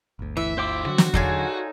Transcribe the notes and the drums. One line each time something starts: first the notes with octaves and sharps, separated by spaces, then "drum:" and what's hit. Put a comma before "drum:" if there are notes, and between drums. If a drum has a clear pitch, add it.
G1 D2
E3 E5
E4 F4 C5 G5 D6
D3 F#3 F#4
drum: snare
D#4 F4 G#4 A4 C#5 D5, drum: kick E2